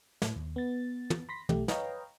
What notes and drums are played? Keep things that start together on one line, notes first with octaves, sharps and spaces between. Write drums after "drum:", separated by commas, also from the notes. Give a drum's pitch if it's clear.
A2, drum: snare
D#2
B3 A6
drum: tom
B5 C6 A#6 B6
B1 A3 G4, drum: tom
B4 C#5 D#5 F5 G5 A#5, drum: snare